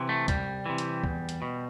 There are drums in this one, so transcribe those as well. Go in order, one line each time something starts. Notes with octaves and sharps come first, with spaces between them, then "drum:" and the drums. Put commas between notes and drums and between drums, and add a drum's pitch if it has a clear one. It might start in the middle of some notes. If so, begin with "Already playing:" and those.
Already playing: C3 E3
A3
C2 G3, drum: kick, hi-hat
C3 E3
drum: hi-hat
E2, drum: kick
drum: hi-hat
B2